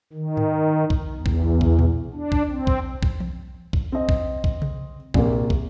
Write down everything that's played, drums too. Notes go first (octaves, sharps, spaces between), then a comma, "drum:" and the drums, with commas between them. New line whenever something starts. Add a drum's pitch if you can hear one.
D#3
drum: tom G2
drum: kick
E2
drum: kick
drum: kick
drum: tom A#2
D4
drum: kick
C4
drum: kick
drum: kick
drum: tom E3
drum: kick
C4 D#5
drum: kick
drum: kick
drum: tom C3
A#1 C3 A#3, drum: kick
drum: kick